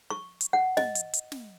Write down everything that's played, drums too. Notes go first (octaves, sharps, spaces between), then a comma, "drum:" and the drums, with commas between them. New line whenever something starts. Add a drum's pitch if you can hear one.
C#6
drum: hi-hat
F#5
D#5, drum: snare
drum: hi-hat
drum: hi-hat
drum: snare